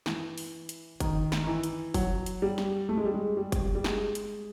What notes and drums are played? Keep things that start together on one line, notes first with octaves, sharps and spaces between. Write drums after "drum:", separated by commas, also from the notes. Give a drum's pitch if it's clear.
E3, drum: snare
drum: open hi-hat
drum: hi-hat
D#3, drum: kick F#1, hi-hat
drum: snare
D#3
E3
drum: hi-hat
F#3, drum: kick F#1, open hi-hat
drum: hi-hat
G3
drum: snare
A3
G#3
G3
G#3
G3
drum: kick F#1, hi-hat
G3
G#3, drum: snare
drum: hi-hat